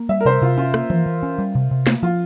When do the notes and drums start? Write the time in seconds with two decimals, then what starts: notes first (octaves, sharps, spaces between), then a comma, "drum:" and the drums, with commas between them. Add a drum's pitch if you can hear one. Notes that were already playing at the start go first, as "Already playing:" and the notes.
Already playing: A#3
0.09 G3 E5
0.21 A#4
0.25 C3 C5
0.42 C3 F4
0.58 C#4 F4
0.74 A#3, drum: rim click
0.90 E3, drum: tom E3
1.06 E3
1.23 C#4
1.38 G3
1.55 C3
1.71 C3
1.87 A#3, drum: snare
2.03 F3 F4